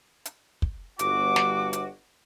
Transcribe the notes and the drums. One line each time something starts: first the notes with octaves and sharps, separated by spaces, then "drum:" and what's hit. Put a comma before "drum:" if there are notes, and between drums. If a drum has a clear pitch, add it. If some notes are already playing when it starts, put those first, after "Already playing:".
drum: hi-hat
drum: kick
G1 F#4 D6, drum: hi-hat
drum: snare
drum: hi-hat